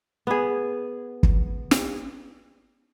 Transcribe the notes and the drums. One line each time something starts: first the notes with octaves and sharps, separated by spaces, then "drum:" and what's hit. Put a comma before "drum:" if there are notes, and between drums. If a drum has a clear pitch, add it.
B3 G#4
drum: kick
drum: snare